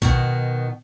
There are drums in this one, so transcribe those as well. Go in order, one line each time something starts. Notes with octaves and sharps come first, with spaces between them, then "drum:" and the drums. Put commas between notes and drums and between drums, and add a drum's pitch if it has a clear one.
B2 D#3 B3, drum: kick A#1